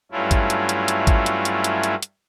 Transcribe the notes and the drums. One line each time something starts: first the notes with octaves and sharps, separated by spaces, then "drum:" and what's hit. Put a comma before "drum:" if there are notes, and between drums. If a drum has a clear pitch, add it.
G2 F#3 A3 C#4 E4 F4
drum: kick G#1, hi-hat
drum: hi-hat
drum: hi-hat
drum: hi-hat
drum: kick G#1, hi-hat
drum: hi-hat
drum: hi-hat
drum: hi-hat
drum: hi-hat
drum: hi-hat